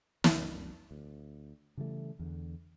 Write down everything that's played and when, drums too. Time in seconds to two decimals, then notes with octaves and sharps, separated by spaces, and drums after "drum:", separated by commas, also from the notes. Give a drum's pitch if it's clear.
0.24 F1 C2 F#2 D4, drum: snare
0.91 D2
1.77 C#3 E3 G3 A3
2.19 E2 D3